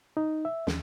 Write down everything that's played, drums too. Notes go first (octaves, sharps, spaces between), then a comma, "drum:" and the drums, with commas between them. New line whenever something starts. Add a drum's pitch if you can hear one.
D#4
E5
D#2, drum: snare